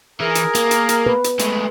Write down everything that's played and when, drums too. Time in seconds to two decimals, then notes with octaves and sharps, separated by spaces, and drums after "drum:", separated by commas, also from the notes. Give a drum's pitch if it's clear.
0.21 E3 G#4 A#4
0.35 drum: hi-hat
0.55 A#3, drum: hi-hat
0.71 drum: hi-hat
0.89 drum: hi-hat
1.06 B4
1.24 drum: hi-hat
1.39 G#3 A3, drum: hi-hat